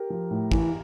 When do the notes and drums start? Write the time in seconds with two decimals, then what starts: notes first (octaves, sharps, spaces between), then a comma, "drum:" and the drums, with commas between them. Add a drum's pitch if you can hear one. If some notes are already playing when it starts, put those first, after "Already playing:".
Already playing: G4 A#4
0.10 F3
0.31 A2
0.52 E3, drum: kick